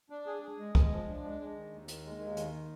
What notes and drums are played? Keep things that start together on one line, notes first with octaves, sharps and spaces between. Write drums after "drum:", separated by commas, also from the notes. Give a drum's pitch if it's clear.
D4
G#4
G#4
G#3
G#3, drum: kick
F3
D4
G#3
G#3
D#3
D#2
D#3, drum: hi-hat
G#3
D#2
D#3, drum: hi-hat